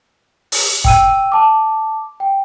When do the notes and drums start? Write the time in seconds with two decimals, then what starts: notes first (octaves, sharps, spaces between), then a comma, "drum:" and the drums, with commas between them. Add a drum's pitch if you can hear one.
0.52 drum: open hi-hat
0.85 G5 E6 D#7, drum: kick
1.32 A5 D6
2.20 G5